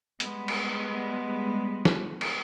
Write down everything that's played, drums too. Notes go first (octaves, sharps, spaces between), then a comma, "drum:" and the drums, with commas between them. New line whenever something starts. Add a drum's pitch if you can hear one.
G3 G#3 B3, drum: hi-hat
drum: cymbal
drum: snare
drum: cymbal